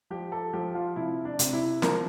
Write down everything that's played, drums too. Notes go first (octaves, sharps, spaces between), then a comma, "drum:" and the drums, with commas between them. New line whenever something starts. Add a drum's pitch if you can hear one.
F3 G4
A4
F3 G4
F4
C3 E4
D4
C3, drum: hi-hat
E4
F3 A#4, drum: snare